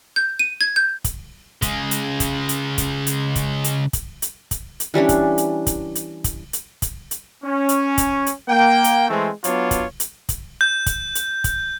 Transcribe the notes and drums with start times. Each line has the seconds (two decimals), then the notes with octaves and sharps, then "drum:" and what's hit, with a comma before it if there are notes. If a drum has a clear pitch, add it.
0.16 G6
0.39 D#7
0.61 G#6
0.76 G6
1.04 drum: kick, hi-hat
1.62 C#3 G#3, drum: kick, hi-hat
1.91 drum: hi-hat
2.20 drum: kick, hi-hat
2.49 drum: hi-hat
2.78 drum: kick, hi-hat
3.07 drum: hi-hat
3.35 drum: kick, hi-hat
3.64 drum: hi-hat
3.93 drum: kick, hi-hat
4.22 drum: hi-hat
4.51 drum: kick, hi-hat
4.80 drum: hi-hat
4.94 E3 G3 C#4 D4
5.09 drum: kick, hi-hat
5.38 drum: hi-hat
5.67 drum: kick, hi-hat
5.95 drum: hi-hat
6.24 drum: kick, hi-hat
6.53 drum: hi-hat
6.82 drum: kick, hi-hat
7.11 drum: hi-hat
7.44 C#4
7.69 drum: hi-hat
7.98 drum: kick, hi-hat
8.26 drum: hi-hat
8.49 A#3 G5
8.84 drum: hi-hat
9.09 E3 G#3 A3 C4
9.44 F#3 B3 D4 F4 C#5, drum: hi-hat
9.71 drum: kick, hi-hat
10.00 drum: hi-hat
10.29 drum: kick, hi-hat
10.61 G6
10.86 drum: kick, hi-hat
11.15 drum: hi-hat
11.44 drum: kick, hi-hat